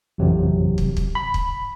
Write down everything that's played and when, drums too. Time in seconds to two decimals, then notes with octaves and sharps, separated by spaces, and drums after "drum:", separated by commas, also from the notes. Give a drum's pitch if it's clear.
0.18 A1 F2 C3 F#3
0.78 drum: kick
0.97 drum: kick
1.15 B5
1.34 drum: kick